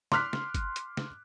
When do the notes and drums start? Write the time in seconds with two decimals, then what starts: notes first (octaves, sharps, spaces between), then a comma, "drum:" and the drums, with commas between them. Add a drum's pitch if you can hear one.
0.12 C6 D6 F6 F#6 B6, drum: snare
0.33 drum: snare
0.55 drum: kick G1, hi-hat
0.76 drum: hi-hat
0.97 drum: snare